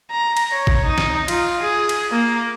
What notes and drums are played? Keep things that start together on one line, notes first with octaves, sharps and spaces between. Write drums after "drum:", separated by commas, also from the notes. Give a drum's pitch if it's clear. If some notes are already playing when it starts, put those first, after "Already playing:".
A#5
drum: cymbal
C#5
drum: kick A1
D#4
drum: snare
F4, drum: cymbal
G#4
drum: cymbal
A#3